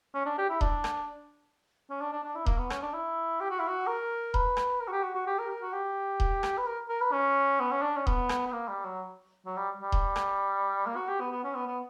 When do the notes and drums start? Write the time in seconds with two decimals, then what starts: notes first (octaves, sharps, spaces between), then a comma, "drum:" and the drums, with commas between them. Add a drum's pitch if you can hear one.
0.14 C#4
0.26 D4
0.38 G4
0.50 E4
0.61 D4, drum: kick D#1
0.84 drum: rim click
1.90 C#4
2.01 D4
2.13 D4
2.24 D4
2.35 E4
2.46 A#3, drum: kick D#1
2.58 B3
2.70 C#4, drum: rim click
2.82 D4
2.93 E4
3.40 G4
3.50 F#4
3.59 E4
3.68 F#4
3.87 A#4
4.34 B4, drum: kick D#1
4.57 drum: rim click
4.80 A#4
4.88 F#4
4.92 G4
5.03 F#4
5.15 F#4
5.27 G4
5.39 A#4
5.46 G4
5.49 A#4
5.62 F#4
5.73 G4
6.20 drum: kick D#1
6.43 drum: rim click
6.58 B4
6.66 A#4
6.89 A#4
7.01 B4
7.13 C#4
7.60 B3
7.72 C#4
7.82 D4
7.97 C#4
8.07 B3, drum: kick D#1
8.29 drum: rim click
8.47 B3
8.52 A#3
8.68 G3
8.84 F#3
9.46 F#3
9.57 G3
9.81 G3
9.92 drum: kick D#1
10.16 drum: rim click
10.86 A#3
10.97 F#4
11.08 G4
11.21 B3
11.32 B3
11.44 C#4
11.55 B3
11.67 B3